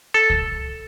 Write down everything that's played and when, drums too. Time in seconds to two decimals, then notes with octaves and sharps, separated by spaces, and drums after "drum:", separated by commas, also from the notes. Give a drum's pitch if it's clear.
0.14 A4
0.30 drum: kick C#2